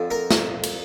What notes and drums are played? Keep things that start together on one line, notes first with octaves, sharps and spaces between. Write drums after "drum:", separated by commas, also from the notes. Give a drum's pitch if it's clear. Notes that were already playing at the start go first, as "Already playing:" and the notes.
Already playing: F2 D3 F3
A#4
drum: snare
drum: cymbal